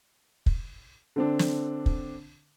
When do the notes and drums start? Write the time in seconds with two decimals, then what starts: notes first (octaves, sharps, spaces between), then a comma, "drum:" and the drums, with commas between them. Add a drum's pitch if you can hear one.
0.46 drum: kick
1.16 D3 C4 D4
1.39 drum: snare
1.86 drum: kick